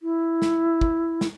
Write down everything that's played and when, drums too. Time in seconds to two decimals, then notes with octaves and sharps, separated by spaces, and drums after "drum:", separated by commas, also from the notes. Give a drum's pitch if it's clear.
0.02 E4
0.42 drum: snare
0.81 drum: kick
1.21 drum: snare